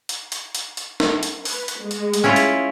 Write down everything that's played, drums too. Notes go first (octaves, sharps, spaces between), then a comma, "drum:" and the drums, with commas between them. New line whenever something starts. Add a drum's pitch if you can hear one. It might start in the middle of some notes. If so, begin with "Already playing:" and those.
drum: hi-hat
drum: hi-hat
drum: hi-hat
drum: hi-hat
drum: snare
drum: hi-hat
B4, drum: open hi-hat
drum: hi-hat
G#3
drum: hi-hat
drum: hi-hat
C#4 E4 F4
drum: hi-hat